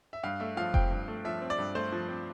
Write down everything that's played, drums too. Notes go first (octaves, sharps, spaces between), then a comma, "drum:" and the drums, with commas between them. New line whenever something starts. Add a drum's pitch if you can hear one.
E5
G2 F5
A3 E5
F3 F5
C4 G5, drum: kick F1
G2
A3
F3 E5
C4
D5
G2
A3 C5
F3
C4